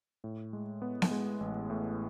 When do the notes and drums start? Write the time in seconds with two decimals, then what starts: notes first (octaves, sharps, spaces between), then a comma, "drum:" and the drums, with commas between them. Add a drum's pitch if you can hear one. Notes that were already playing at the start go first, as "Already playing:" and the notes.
0.24 A2
0.53 G#3
0.82 B3
1.02 drum: snare B3
1.11 G#3
1.40 A1
1.70 A2